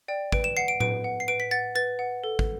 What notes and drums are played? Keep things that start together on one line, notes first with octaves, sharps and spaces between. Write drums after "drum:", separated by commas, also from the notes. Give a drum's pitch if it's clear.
D5 G5
B4 D7, drum: kick
E7
F#5 C7
D7
B4 D7, drum: tom A2
F#5
C7
B4 D7
B6
F#5 A6
B4 A6
F#5
A4
drum: kick